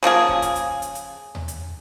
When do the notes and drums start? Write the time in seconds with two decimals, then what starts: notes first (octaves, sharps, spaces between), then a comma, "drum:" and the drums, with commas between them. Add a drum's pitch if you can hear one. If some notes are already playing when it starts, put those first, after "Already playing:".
0.03 C#3 F3 A#3 G#4
0.29 drum: kick
0.42 drum: kick, hi-hat
0.55 drum: hi-hat
0.82 drum: hi-hat
0.95 drum: hi-hat
1.35 drum: tom D#2
1.48 drum: hi-hat